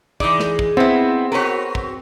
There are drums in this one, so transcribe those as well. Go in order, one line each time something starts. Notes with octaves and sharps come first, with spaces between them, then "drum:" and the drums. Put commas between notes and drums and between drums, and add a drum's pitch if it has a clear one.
E3 G#3 D#4 D5, drum: kick
drum: snare
drum: kick
B3 C4 E4
F#4 A#4 B4 C#5
drum: kick